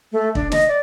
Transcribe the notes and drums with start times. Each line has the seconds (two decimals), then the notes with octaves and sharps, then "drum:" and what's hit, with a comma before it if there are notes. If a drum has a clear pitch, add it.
0.12 A3
0.35 D4, drum: kick
0.52 D#5, drum: snare
0.68 D5